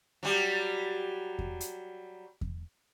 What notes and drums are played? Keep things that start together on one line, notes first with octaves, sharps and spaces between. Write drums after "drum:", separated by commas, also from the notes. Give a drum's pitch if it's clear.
F#3 G3
drum: kick E2
drum: hi-hat
drum: kick E2